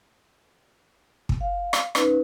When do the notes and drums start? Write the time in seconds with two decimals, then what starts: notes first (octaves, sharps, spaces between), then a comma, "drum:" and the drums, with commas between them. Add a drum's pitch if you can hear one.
1.29 drum: kick
1.41 F5
1.73 drum: rim click
1.95 C#4 D#4 B4, drum: rim click